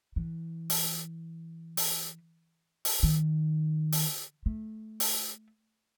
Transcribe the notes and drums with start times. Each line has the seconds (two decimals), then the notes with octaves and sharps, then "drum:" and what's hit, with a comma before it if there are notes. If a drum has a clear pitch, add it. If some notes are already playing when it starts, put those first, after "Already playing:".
0.16 E3
0.70 drum: open hi-hat
1.77 drum: open hi-hat
2.85 drum: open hi-hat
3.03 D#3
3.92 drum: open hi-hat
4.46 A3
5.00 drum: open hi-hat